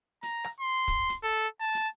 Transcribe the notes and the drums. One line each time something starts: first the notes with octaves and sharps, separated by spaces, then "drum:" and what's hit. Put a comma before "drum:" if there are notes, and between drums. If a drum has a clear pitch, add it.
A#5, drum: hi-hat
drum: rim click
C6
drum: kick, hi-hat
drum: hi-hat
A4
A5
drum: hi-hat